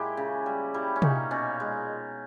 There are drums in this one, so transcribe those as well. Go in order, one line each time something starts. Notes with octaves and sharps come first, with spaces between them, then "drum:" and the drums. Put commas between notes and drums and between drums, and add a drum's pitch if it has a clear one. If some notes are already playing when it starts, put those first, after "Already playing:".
Already playing: A#2 G#3 E4 G4
C#3
G3
G3 E4
C#4
A#2 D#4, drum: tom C3
B2 C#4
G#3